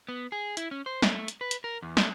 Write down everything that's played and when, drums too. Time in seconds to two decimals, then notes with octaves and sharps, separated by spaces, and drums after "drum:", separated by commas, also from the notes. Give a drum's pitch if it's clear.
0.09 B3
0.32 G#4
0.57 E4, drum: hi-hat
0.71 C#4
0.86 C5
1.02 A3, drum: snare
1.28 drum: hi-hat
1.41 B4
1.51 drum: hi-hat
1.64 A#4
1.82 E2
1.97 A3, drum: snare